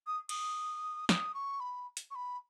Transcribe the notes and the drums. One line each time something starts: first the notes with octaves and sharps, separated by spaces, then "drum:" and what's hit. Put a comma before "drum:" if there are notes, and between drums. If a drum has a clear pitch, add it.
D#6
D#6, drum: cymbal
D#6, drum: snare
C#6
B5
drum: hi-hat
C#6
B5